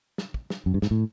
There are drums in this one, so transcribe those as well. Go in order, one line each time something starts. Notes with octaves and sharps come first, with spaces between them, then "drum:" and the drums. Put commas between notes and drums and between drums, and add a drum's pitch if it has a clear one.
drum: snare
drum: kick
drum: snare
F#2
G2
G#2, drum: snare
A2